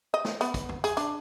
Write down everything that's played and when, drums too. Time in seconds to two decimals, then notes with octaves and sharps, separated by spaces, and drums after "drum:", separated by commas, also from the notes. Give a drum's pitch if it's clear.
0.14 D#5
0.25 drum: snare
0.41 B3, drum: hi-hat
0.54 drum: kick, hi-hat
0.69 drum: tom
0.84 G#4, drum: hi-hat
0.97 D4, drum: hi-hat